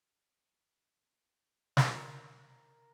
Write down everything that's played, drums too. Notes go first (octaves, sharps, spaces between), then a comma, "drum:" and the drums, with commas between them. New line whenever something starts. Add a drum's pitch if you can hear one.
A#4, drum: snare